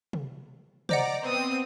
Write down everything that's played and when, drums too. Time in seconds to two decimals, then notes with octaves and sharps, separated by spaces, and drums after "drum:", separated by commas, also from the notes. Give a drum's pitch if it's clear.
0.13 drum: tom
0.89 C5 D5 D#5 F#5 A#5 D6, drum: tom
1.22 B3 C4 D#6